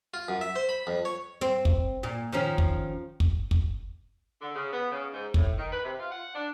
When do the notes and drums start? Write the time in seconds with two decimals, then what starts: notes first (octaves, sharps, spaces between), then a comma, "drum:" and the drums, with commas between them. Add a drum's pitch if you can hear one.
0.14 F4
0.28 F#2
0.41 E5
0.56 C5
0.69 B5
0.87 F2
1.05 C#5
1.41 C4
1.65 drum: kick
2.03 A#2
2.33 D#3 F3 C#4
2.58 drum: kick
3.20 drum: kick
3.51 drum: kick
4.41 D3
4.55 C#3
4.71 B3
4.92 C#3
5.13 G#2
5.34 A2, drum: kick
5.58 D#3
5.72 B4
5.84 C3
5.99 F4
6.11 F#5
6.35 D4